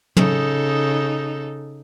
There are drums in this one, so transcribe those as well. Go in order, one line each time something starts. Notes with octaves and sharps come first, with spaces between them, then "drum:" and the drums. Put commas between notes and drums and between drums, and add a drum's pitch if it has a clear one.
C#3 D#4 A4, drum: tom